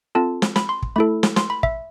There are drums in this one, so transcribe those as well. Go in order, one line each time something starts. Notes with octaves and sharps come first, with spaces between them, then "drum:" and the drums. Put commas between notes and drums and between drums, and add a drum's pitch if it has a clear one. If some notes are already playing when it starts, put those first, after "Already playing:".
C4 F4 A4 A5
drum: snare
B5, drum: snare
C6
drum: kick
A3 E4 A4 B5
drum: snare
C6, drum: snare
B5
E5, drum: kick